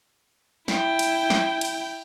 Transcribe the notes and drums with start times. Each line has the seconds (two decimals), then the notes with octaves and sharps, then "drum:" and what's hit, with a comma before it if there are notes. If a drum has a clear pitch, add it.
0.68 E4 G5, drum: snare
0.99 drum: cymbal
1.30 drum: snare
1.61 drum: cymbal